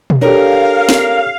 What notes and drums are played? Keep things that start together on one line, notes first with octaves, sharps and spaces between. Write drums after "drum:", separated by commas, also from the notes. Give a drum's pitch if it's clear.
drum: tom B2
D4 G4 A4 A#4 C#5 F5
drum: snare